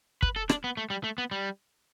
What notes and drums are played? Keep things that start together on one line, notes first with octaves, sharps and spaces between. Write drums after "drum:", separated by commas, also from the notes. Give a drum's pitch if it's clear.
B4, drum: kick
A4
D4, drum: rim click
B3
A3
G3
A3
B3
G3